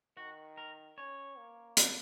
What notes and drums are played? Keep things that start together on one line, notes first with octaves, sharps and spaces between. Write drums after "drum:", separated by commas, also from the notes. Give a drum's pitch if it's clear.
D#3 F#4
A#4
C#4 C#5
A#3
drum: hi-hat